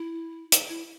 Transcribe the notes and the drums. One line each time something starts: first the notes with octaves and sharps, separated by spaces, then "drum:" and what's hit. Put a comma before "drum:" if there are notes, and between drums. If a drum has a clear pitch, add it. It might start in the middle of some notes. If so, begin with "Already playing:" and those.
Already playing: E4
drum: hi-hat
E4